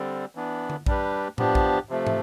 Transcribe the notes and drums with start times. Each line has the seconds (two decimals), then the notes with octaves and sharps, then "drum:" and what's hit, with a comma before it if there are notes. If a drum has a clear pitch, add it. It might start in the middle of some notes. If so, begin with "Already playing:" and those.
Already playing: D3 G3 C4
0.35 E3 B3 D4
0.70 drum: tom D3
0.86 G3 D4 G4 B4, drum: kick A#1
1.38 F3 B3 D4 G4, drum: tom A2
1.55 drum: kick A#1
1.89 C3 F3 A3
2.07 drum: tom